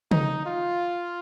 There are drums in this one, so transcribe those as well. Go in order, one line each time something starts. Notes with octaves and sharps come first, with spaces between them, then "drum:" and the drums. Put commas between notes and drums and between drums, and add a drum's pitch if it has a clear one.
D#4, drum: tom
F4